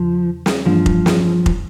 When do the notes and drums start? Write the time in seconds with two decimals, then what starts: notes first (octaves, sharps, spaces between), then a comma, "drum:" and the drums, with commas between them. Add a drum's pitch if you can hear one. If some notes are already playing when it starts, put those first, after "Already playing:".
Already playing: E2 C#3 F3
0.46 drum: snare
0.65 G2 E3 F3 G3 A#3 D4
0.86 drum: kick F1
1.06 drum: snare
1.46 drum: kick F1